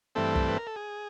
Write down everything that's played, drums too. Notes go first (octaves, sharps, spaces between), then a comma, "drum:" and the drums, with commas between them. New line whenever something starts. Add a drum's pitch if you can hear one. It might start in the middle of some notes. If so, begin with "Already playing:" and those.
G2 E3 A3 C4 A4
drum: kick
B4
A#4
A4
G#4